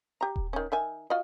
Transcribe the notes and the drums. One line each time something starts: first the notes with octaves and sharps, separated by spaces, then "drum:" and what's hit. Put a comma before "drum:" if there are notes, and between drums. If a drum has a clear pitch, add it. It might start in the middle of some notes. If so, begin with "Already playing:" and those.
G4 A#5
drum: kick D#1
D#3 C#4
D#3 E5 G#5
F4 F#4 D#5